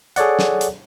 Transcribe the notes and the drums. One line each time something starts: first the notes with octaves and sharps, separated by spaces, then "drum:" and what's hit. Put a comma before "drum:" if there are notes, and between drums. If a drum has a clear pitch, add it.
G#4 A4 C#5 D5 F#5, drum: hi-hat
drum: snare
drum: hi-hat